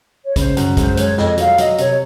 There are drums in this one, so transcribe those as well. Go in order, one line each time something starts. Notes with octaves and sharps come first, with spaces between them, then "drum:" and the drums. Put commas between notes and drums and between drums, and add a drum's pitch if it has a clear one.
C#5
C#3 C5, drum: kick, hi-hat
F#2, drum: hi-hat
G#3 C5, drum: kick, hi-hat
G#3 C#5, drum: hi-hat
F2 D#5, drum: snare
F#3 F5, drum: hi-hat
F#3 D#5, drum: hi-hat
C3 C#5, drum: hi-hat